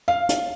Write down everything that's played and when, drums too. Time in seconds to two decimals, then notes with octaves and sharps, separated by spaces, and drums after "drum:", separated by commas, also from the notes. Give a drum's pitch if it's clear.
0.08 F5
0.29 drum: hi-hat